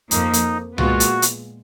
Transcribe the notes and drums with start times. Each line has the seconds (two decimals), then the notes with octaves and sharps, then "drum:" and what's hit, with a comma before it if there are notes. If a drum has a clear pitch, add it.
0.11 F2 F3 A#3 D#4, drum: hi-hat
0.33 drum: hi-hat
0.78 A#2 G#3 B3 F4 F#4, drum: tom C2
1.00 drum: hi-hat
1.22 drum: hi-hat